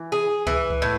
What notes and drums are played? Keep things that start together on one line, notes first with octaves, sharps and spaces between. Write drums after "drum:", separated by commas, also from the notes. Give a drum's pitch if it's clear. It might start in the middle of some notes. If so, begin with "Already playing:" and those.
Already playing: E3
G#4
E3, drum: kick C#2
drum: kick C#2
A2